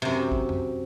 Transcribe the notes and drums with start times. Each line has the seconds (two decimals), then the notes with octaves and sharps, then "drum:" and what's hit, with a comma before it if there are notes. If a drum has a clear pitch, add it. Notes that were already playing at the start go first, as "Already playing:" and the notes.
0.02 F#2 C3
0.32 drum: kick
0.49 drum: tom